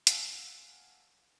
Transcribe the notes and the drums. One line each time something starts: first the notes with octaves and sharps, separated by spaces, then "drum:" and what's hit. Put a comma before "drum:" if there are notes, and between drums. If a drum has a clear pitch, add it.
F5 F#5 G#5 A5 E6, drum: hi-hat